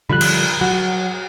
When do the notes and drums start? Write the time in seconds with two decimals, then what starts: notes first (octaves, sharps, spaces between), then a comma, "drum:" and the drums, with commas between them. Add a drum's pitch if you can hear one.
0.10 D3 F3 G3 B5 F#6
0.21 drum: cymbal
0.61 F#3 F#5